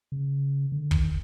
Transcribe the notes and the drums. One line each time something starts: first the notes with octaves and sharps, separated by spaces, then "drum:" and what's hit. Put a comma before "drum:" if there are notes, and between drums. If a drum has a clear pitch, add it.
C#3
D3
D#3, drum: kick